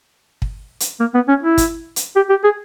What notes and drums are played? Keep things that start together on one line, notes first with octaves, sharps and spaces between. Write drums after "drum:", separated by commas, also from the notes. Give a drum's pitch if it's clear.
drum: kick
drum: hi-hat
A#3
B3
C#4
E4
drum: kick, hi-hat
drum: hi-hat
G4
G4
G#4